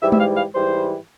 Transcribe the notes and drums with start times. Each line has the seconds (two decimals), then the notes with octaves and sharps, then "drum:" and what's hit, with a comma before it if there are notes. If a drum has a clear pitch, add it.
0.02 G#2 E3 G3 E5
0.12 E5, drum: tom G#3
0.19 F5
0.37 F5
0.54 G#2 E3 G3 C5